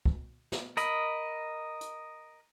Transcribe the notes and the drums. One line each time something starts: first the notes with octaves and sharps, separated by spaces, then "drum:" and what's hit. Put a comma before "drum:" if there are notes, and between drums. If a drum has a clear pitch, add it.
drum: kick
drum: snare
A#4 D#5 B5, drum: hi-hat
drum: hi-hat